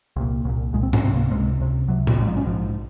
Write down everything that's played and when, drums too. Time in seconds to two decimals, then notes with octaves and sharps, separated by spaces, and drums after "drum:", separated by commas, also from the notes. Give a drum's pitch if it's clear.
0.16 C2 A#2
0.45 C2 A#2
0.73 C2 A#2 G#3
0.83 C4
0.93 C#4, drum: tom G#2
1.02 C#2 C3 C4
1.17 A#3
1.31 C#2 C3 G#3
1.60 C#2 C3
1.88 C#2 C3 F#3
2.07 drum: tom A2
2.18 A#1 G#2
2.27 F3
2.36 C#4
2.46 A#1 G#2 F3